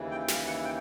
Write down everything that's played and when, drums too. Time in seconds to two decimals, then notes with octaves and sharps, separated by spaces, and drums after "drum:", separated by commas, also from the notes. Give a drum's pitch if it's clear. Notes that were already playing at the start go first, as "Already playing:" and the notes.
Already playing: D#2 C#3 E3
0.11 G5
0.28 F5, drum: snare
0.47 F#5
0.65 G5